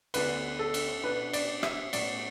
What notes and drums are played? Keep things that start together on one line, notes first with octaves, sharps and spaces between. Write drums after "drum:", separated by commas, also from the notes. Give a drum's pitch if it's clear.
D2 D3 B3 D4 B4, drum: cymbal
A4
drum: cymbal
B2 B3 D4 B4
D5, drum: cymbal
E5, drum: rim click
A2 F#3 B3 D5, drum: cymbal